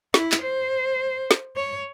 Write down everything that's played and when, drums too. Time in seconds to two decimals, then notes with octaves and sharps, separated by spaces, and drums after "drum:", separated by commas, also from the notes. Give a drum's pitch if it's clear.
0.14 E4, drum: snare
0.32 drum: clap
0.42 C5
1.31 drum: snare
1.56 C#5